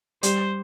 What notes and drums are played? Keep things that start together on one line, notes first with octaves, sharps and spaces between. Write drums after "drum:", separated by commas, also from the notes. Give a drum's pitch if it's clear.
G3 C5, drum: hi-hat